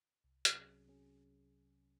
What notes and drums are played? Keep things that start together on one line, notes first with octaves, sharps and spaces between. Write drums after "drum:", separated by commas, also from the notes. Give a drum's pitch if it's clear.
C2
C3 F#3 C#4 G#4, drum: hi-hat
C2
C3 F#3 C#4 G#4